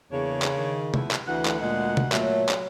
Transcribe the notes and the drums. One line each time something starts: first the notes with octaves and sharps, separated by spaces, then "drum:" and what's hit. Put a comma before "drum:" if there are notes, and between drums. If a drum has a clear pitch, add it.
E2 C#3 A#3 D4 C#5
drum: clap
D#3
F3 B3 E4, drum: tom C3
drum: clap
D2 E3 F#5
drum: clap
A#2 G#3
drum: tom C3
A#2 F#3 A3, drum: clap
drum: clap